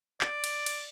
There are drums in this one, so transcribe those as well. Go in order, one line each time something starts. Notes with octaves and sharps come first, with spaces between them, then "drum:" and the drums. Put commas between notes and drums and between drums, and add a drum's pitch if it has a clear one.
D5, drum: clap
drum: cymbal
drum: cymbal